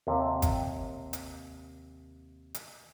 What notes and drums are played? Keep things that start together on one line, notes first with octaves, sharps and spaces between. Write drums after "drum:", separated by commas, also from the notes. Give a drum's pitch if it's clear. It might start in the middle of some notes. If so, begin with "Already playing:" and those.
D#2 C3
drum: kick G1, hi-hat
drum: hi-hat
drum: hi-hat